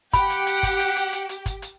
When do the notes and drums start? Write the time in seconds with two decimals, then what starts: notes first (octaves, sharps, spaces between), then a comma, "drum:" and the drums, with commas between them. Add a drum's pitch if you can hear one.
0.13 G4 F#5 B5, drum: kick, hi-hat
0.30 drum: hi-hat
0.47 drum: hi-hat
0.63 drum: kick, hi-hat
0.80 drum: hi-hat
0.96 drum: hi-hat
1.13 drum: hi-hat
1.29 drum: hi-hat
1.46 drum: kick, hi-hat
1.62 drum: hi-hat